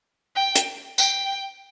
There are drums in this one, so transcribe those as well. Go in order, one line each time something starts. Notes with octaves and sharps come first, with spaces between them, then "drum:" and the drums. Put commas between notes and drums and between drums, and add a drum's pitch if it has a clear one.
G5
drum: hi-hat
G5, drum: tambourine